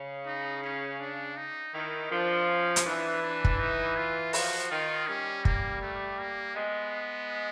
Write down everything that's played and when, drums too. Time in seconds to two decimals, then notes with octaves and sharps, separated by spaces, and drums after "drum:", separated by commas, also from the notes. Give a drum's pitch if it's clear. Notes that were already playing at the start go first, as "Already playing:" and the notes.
Already playing: C#3
0.26 D#4
0.64 C#4
1.00 D4
1.37 D#4
1.74 D#3 E4
2.11 F3 D4
2.48 C#4
2.76 drum: hi-hat
2.85 E3 D4
3.23 D4
3.44 drum: kick
3.60 D#4
3.97 F4
4.33 F3 F#4, drum: open hi-hat
4.71 D#3 F4
5.07 G3 C#4
5.45 A#3, drum: kick
5.82 A3
6.19 A#3
6.55 G#3 B3